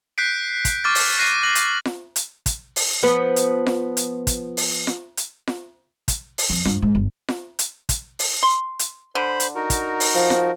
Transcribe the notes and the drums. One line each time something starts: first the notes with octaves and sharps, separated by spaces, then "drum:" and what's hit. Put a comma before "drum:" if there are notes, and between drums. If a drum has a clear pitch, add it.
F#6 G6 B6 C7 D7
drum: kick, hi-hat
C#6 D6 F6 A6
drum: open hi-hat
F#6 A6 A#6 C7 D#7
F#6 A#6 F#7
drum: hi-hat
drum: snare F4
drum: hi-hat
drum: kick, hi-hat
drum: open hi-hat
F3 B3 B4
drum: hi-hat
drum: snare F4
drum: hi-hat
drum: kick, hi-hat
drum: open hi-hat
drum: snare F4
drum: hi-hat
drum: snare F4
drum: kick, hi-hat
drum: open hi-hat
F2
G2, drum: snare F4
G#2
G1
drum: snare F4
drum: hi-hat
drum: kick, hi-hat
drum: open hi-hat
C6
drum: hi-hat
D3 C5 B5
drum: hi-hat
D#4 F#4 A#4
drum: kick, hi-hat
drum: open hi-hat
F3
drum: snare F4